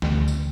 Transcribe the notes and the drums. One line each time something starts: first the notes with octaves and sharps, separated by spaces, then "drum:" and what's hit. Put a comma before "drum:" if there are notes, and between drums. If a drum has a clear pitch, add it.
D2, drum: snare
drum: tambourine